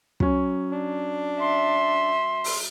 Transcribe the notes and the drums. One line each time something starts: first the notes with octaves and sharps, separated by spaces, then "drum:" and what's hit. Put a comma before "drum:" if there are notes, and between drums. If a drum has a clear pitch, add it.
F#3 C#4, drum: kick
D4
E5 C6
drum: open hi-hat